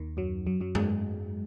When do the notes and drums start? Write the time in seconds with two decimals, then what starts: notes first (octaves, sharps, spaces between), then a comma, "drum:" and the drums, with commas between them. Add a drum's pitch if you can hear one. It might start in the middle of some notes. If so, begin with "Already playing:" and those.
Already playing: D#2 D#3
0.17 F#2 F#3
0.47 F#2 F#3
0.60 F#2 F#3
0.75 G#2 G#3, drum: tom F#2